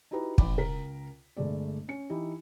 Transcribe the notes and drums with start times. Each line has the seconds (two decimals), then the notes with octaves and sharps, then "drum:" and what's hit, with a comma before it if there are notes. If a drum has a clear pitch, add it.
0.11 D#4 E4 F#4 G4 B4 A#5
0.38 A1 B5 D6, drum: kick
0.57 C#2 A#4 B6
1.37 G1 G#3 A3 D5
1.88 C#4 C#7
2.10 E3 D#4 E4 G4